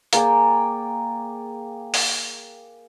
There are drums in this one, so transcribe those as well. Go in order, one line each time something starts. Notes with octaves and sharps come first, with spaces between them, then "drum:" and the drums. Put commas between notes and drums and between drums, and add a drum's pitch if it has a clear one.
A#3 G#4 D5 G5, drum: hi-hat
drum: open hi-hat